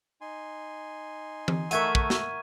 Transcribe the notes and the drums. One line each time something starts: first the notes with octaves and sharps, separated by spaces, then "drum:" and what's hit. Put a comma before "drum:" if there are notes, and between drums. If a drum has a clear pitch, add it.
D#4 G#5 C6
drum: tom E3
A3 A#4 E5 F#5 C#6 G#6 D#7, drum: hi-hat
drum: kick
drum: snare